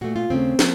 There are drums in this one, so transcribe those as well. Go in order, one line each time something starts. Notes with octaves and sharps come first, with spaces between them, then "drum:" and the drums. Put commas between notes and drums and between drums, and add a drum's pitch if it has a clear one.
A#2 A3 F#4
F4
D#2 C#3 A3 C4
F3 A#3, drum: snare